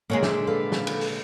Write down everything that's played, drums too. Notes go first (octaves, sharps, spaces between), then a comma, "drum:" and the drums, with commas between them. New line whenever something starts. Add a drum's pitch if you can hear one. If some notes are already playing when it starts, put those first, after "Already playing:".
A#2 D3 G#3 A#3 C#5 D#5
E5, drum: snare
A4 B4 F5
drum: snare
drum: cymbal
drum: open hi-hat